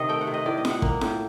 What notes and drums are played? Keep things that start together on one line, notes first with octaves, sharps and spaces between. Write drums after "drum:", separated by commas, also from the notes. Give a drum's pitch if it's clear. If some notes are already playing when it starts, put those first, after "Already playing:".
Already playing: C3 D#3 D#5
A3 G5
F#5
C3
D#5
A2 D5
D#5
G3, drum: snare F4
F#5
A#3, drum: kick
A2, drum: snare F4